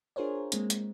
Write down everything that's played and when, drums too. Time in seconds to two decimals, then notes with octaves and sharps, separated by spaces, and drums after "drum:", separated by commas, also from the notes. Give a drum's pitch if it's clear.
0.16 D4 F4 G#4 A#4 C5 C#5
0.52 G#3 A#3 C4, drum: hi-hat
0.70 drum: hi-hat